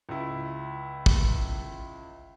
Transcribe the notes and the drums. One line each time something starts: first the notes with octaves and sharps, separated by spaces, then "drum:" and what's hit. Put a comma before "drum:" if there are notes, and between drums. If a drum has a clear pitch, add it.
C#2 E4
drum: kick